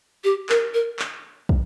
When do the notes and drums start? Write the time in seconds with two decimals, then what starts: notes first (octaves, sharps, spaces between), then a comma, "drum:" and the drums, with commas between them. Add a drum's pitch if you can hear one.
0.24 G4
0.49 A#4, drum: clap
0.74 A#4
0.99 drum: clap
1.49 drum: kick